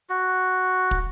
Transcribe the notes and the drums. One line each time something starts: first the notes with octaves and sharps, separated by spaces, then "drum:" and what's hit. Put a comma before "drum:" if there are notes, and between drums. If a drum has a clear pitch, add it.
F#4
drum: kick